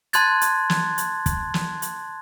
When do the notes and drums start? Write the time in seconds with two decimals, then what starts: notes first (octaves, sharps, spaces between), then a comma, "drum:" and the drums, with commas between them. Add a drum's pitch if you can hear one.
0.13 A5 C6 F#6 G#6 A6, drum: hi-hat
0.41 drum: hi-hat
0.70 drum: snare
0.98 drum: hi-hat
1.26 drum: kick, hi-hat
1.54 drum: snare
1.82 drum: hi-hat